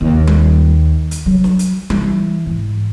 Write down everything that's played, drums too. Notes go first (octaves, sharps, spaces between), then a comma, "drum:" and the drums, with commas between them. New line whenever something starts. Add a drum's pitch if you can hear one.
D#2
drum: tom G3
drum: hi-hat
F#3
drum: snare
drum: hi-hat
E3, drum: tom G3
G#2